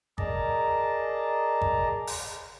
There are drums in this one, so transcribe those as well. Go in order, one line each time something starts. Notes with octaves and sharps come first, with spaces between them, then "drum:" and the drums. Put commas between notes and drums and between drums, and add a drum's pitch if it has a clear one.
G#4 A#4 D5 D#5 A5 A#5, drum: kick
drum: kick
drum: open hi-hat